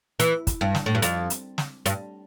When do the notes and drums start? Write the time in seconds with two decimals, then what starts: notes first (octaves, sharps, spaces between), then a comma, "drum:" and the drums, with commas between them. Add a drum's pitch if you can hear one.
0.20 E3, drum: hi-hat
0.47 drum: kick, hi-hat
0.61 G2
0.75 drum: snare
0.86 A2
0.95 G2
1.02 F2, drum: hi-hat
1.30 drum: hi-hat
1.58 drum: snare
1.86 G2, drum: hi-hat